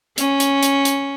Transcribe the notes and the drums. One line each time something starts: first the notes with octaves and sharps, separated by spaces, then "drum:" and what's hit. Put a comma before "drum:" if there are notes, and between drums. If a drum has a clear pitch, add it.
C#4, drum: hi-hat
drum: hi-hat
drum: hi-hat
drum: hi-hat